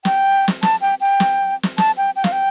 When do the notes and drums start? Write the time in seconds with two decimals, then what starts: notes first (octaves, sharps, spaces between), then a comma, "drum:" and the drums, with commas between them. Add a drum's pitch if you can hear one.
0.05 G5, drum: snare
0.48 drum: snare
0.63 A5, drum: snare
0.81 G5
1.01 G5
1.20 drum: snare
1.63 drum: snare
1.78 A5, drum: snare
1.97 G5
2.16 G5
2.24 F5, drum: snare
2.32 G5